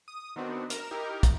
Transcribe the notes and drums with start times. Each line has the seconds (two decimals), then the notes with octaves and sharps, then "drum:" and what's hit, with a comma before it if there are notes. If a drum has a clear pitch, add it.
0.08 D#6
0.36 D#3 B3 C4 D4 F#4
0.70 A#4 E7, drum: hi-hat
0.91 D#4 E4 G4 A#4
1.23 drum: kick, hi-hat